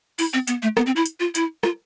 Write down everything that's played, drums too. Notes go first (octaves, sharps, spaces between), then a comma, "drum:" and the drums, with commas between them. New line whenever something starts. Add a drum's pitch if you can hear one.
E4, drum: open hi-hat
C4
B3, drum: hi-hat
A3
B3, drum: rim click
C4
E4
drum: hi-hat
F4
E4, drum: hi-hat
F4, drum: rim click